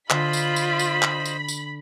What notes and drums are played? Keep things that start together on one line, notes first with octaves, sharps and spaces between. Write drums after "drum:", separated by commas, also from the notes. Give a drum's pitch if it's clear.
D3 F4 C5 D#5 B5, drum: clap
drum: tambourine
drum: tambourine
drum: tambourine
drum: clap
drum: tambourine
drum: tambourine